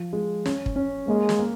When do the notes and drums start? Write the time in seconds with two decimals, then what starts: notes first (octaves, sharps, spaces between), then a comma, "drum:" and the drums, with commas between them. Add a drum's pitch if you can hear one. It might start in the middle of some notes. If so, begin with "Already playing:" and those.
Already playing: F3
0.13 G#3
0.46 C#4, drum: snare
0.66 drum: kick
0.76 C#4
1.08 G#3 A#3
1.29 drum: snare
1.39 A#3